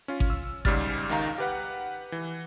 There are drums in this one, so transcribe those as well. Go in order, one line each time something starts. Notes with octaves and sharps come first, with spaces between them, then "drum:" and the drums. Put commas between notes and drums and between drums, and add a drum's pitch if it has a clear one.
C#4 F4
drum: kick G#1
E6
G#2 C#3 G3 F6 A6, drum: kick G#1
C#2 D#3 D#4 F5 A#5
G4 B4 F#5
E3